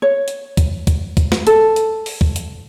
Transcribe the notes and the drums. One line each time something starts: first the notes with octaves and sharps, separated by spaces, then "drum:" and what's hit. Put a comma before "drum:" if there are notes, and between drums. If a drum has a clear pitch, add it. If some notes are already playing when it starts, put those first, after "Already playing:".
C#5
drum: hi-hat
drum: kick, hi-hat
drum: kick, hi-hat
drum: kick, hi-hat
drum: snare
A4, drum: hi-hat
drum: hi-hat
drum: open hi-hat
drum: kick
drum: hi-hat